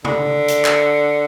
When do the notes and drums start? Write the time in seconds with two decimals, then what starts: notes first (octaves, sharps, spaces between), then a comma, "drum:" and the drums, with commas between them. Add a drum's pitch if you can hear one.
0.05 D3, drum: tom C3
0.48 drum: hi-hat
0.65 drum: clap